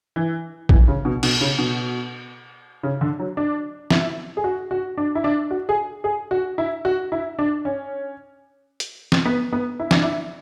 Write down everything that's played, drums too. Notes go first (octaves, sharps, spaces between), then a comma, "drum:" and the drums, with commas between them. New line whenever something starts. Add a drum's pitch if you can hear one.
E3
E3, drum: kick
C#3
B2
B2, drum: cymbal
C#3
B2
C#3
D3
F#3
D4
E4, drum: snare
G#4
F#4
F#4
D4
E4
D4
F#4
G#4
G#4
F#4
E4
F#4
E4
D4
C#4
drum: hi-hat
drum: snare
B3
B3
E4
D4, drum: snare
E4